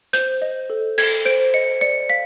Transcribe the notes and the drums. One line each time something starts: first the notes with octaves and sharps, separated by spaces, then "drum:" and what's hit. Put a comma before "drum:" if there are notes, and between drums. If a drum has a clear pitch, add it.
C5 G6, drum: hi-hat
D#5
A4
A4 G#6, drum: cymbal
C5 D7
D#5 C#7
D5 C#7
F5 B6